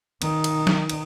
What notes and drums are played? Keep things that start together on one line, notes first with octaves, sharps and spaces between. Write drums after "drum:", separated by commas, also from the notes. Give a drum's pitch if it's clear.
D#3 D#4, drum: cymbal
drum: cymbal
drum: snare
drum: cymbal